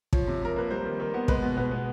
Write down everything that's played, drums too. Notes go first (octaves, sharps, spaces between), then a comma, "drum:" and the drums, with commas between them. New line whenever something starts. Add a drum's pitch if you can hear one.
F3 C#5, drum: kick
C3
C3 A#4
A#3 B4
G3 C5
D#3
D#3
B3
G#3 B4, drum: kick
B2
B2 B4
B3